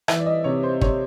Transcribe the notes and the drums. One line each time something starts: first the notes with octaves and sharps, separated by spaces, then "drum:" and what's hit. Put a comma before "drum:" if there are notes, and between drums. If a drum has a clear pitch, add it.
E3 E5, drum: rim click
D5
D#5
C3 C#5
C5
C3 C#5, drum: kick